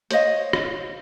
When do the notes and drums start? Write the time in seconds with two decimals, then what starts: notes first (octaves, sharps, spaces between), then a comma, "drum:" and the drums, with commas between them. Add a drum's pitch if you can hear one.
0.11 C5 C#5 D#5 F5, drum: hi-hat
0.53 drum: rim click